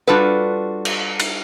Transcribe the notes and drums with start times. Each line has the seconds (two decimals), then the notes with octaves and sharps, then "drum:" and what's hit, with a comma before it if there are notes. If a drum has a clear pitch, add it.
0.07 G3 D4 F4 F#4 A4 B4
0.85 drum: cymbal
1.20 drum: cymbal